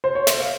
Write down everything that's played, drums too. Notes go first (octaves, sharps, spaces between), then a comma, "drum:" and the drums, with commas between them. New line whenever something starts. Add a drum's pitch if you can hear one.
C5
C#5
E5, drum: snare
F5